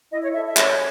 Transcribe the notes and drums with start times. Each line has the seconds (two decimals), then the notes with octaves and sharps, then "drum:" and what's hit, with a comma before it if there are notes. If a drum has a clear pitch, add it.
0.12 E4 D#5
0.23 C#5
0.34 A4 E5
0.46 E5
0.57 C#5, drum: clap